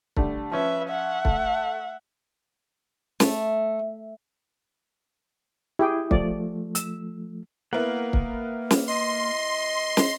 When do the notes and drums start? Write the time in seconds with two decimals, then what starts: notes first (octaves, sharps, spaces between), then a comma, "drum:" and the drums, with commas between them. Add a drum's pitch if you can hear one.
0.17 D3 G3 A3, drum: kick
0.52 F3 C#4 B4 E5
0.89 E5 F#5
1.25 A3, drum: kick
3.20 A3, drum: snare
5.79 E4 G4 G#4 G5
6.11 F3 A3 D5, drum: kick
6.75 E6, drum: hi-hat
7.73 A#3 B3 E4 A#4 F#5
8.13 drum: kick
8.71 drum: snare
8.88 D#5 C6
9.97 drum: snare